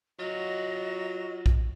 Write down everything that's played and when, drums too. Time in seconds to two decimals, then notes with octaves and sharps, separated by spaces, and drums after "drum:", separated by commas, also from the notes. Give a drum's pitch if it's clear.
0.19 F#3 F4 F#4 D#5
1.46 drum: kick B1